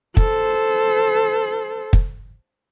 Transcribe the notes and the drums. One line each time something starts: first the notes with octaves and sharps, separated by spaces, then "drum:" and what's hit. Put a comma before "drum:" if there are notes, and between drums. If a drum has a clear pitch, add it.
A4 C5, drum: kick
drum: kick